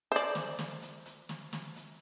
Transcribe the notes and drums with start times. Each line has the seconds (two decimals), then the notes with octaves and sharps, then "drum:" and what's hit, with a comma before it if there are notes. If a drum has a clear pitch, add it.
0.12 C5 D5, drum: hi-hat
0.35 drum: snare
0.59 drum: snare
0.82 drum: hi-hat
1.06 drum: hi-hat
1.29 drum: snare
1.53 drum: snare
1.76 drum: hi-hat